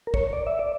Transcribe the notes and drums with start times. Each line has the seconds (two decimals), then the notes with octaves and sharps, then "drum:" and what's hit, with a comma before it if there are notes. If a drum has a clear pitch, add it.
0.07 A#4
0.14 C#5, drum: kick
0.33 D5
0.47 E5
0.59 D5